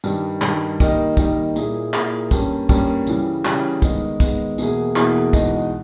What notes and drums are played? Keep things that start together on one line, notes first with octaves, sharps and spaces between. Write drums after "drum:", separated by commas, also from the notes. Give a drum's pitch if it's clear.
G2 D#3 G3, drum: tambourine
G2 D#3 G3, drum: clap
D#3 G3 A#3 D#4, drum: kick, tambourine
D#3 G3 A#3 D#4, drum: kick, tambourine
A#2 A#3 E4 G#4, drum: tambourine
A#2 A#3 E4 G#4, drum: clap
G2 G3 A#3 C#4, drum: kick, tambourine
G2 G3 A#3 C#4, drum: kick, tambourine
C#3 E3 G3, drum: tambourine
C#3 E3 G3, drum: clap
D#3 G#3 B3, drum: kick, tambourine
D#3 G#3 B3, drum: kick, tambourine
E2 B2 A#3 E4 G#4, drum: tambourine
E2 B2 A#3 E4 G#4, drum: clap
E2 B2 G#3 D#4, drum: kick, tambourine